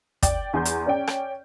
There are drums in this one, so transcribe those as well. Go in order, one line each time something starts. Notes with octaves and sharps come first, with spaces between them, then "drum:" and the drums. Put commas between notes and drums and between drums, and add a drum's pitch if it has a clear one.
D5 G5, drum: kick, hi-hat
E2 G#5 C6 G6
drum: hi-hat
C#4 C#5 D5 G5
drum: rim click